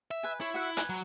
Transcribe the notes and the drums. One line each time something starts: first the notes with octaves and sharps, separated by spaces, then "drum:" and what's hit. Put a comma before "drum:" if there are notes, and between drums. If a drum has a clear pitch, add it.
E5
B4 G#5
E4 C#5
F#4 E5 F#5
B4 G#5, drum: hi-hat
F#3